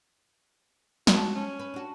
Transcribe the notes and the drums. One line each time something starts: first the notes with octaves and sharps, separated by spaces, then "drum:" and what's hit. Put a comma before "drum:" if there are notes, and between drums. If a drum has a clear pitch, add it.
F3 G#3 F#4, drum: snare
C#4
B4
D4 F#4